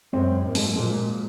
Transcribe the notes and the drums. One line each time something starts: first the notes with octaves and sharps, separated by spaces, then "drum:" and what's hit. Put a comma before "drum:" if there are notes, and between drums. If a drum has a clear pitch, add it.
F#2 G#3 C4
G#2 A#3
G#3, drum: open hi-hat
F#3
A#2 F3 G#3